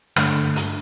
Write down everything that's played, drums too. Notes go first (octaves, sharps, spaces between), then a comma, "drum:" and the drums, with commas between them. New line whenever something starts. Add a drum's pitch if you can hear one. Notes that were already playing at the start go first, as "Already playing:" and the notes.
G2 D3 A3 D4, drum: rim click
drum: hi-hat